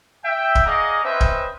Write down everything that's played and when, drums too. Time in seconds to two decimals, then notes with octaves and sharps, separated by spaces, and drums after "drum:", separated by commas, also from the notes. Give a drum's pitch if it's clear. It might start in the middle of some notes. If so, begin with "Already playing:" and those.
0.25 E5 G5
0.55 drum: kick D1
0.66 G#4 D5 D#5 F5 F#5 A#5
1.04 C4 C#4 B4 C5 D#5 E5
1.20 drum: kick D1